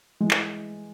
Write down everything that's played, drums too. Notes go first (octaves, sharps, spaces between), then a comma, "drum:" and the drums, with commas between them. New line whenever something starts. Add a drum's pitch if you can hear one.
E3 G#3
drum: clap